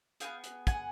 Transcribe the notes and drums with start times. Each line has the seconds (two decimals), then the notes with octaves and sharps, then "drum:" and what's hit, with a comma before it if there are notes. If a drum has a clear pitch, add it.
0.20 B3 E4 G#4 F5 G5, drum: hi-hat
0.44 drum: hi-hat
0.67 F#5 G#5, drum: kick, hi-hat